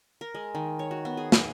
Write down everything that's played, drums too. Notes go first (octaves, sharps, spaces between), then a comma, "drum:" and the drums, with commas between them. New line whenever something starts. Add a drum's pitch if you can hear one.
A#4
G#3
D#3
C#5
F#4
B3
G#4
G#5, drum: snare